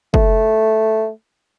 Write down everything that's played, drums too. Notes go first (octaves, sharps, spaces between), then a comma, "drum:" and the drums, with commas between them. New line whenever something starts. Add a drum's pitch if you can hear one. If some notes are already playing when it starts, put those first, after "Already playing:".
A3, drum: kick